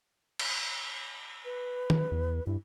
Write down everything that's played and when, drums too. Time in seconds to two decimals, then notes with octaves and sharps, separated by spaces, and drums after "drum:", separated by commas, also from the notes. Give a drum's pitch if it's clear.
0.39 drum: cymbal
1.45 B4
1.90 drum: tom D#3
2.12 E2
2.47 G2 E4